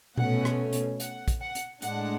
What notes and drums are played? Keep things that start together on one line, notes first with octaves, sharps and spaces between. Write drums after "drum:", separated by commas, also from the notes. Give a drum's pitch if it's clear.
B2 A3 C#4 F#5, drum: tom A#2
drum: rim click
drum: hi-hat
F#5, drum: hi-hat
drum: kick, hi-hat
F#5
drum: hi-hat
A2 G#3 D4 F#5, drum: hi-hat